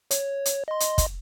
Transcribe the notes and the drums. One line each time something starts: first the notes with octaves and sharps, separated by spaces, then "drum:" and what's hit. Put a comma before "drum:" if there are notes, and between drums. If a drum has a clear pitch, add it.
C#5, drum: hi-hat
drum: hi-hat
D#5 C6
drum: hi-hat
drum: kick, hi-hat